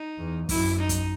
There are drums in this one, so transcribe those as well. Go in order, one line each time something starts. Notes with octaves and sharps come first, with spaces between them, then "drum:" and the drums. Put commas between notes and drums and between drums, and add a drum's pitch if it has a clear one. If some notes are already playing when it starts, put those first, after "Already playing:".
Already playing: D#4
E2
F#2 E4, drum: kick, open hi-hat
D#4
drum: kick, hi-hat